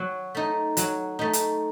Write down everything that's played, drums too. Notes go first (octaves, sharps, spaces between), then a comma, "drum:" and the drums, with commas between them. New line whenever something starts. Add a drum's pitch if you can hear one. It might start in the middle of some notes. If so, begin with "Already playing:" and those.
Already playing: F#3
A3 D#4
F#3, drum: hi-hat
A3 D#4
drum: hi-hat